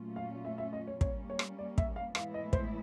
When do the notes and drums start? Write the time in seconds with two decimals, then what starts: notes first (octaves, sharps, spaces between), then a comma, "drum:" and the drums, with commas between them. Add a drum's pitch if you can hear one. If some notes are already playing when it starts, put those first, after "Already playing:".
Already playing: A#2 F#3 A3 C#4 F4
0.16 F5
0.45 E5
0.58 E5
0.73 D#5
0.87 C#5
1.01 G3 A#3 C#4 C#5, drum: kick
1.30 C#5
1.39 drum: rim click
1.59 D5
1.78 E5, drum: kick
1.96 F5
2.15 A2 E3 G#3 B3 E4 F5, drum: rim click
2.34 D#5
2.53 C5, drum: kick